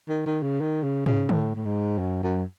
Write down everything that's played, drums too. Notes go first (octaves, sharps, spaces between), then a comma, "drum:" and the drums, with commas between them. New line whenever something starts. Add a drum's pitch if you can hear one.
D#3
D#3
C#3
D#3
C#3
C#3, drum: tom
A2, drum: tom D3
A2
G#2
F#2
F#2